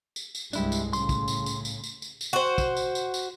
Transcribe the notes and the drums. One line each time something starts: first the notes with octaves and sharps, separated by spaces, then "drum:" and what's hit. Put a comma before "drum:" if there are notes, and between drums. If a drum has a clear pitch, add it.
drum: tambourine
drum: tambourine
C2 G2 G#3 D4 E4 G4, drum: tambourine
drum: tambourine
A2 C#3 C6, drum: tambourine
drum: kick, tambourine
drum: tambourine
drum: tambourine
drum: tambourine
drum: tambourine
drum: tambourine
drum: tambourine
F#4 C5
drum: kick, tambourine
drum: tambourine
drum: tambourine
drum: tambourine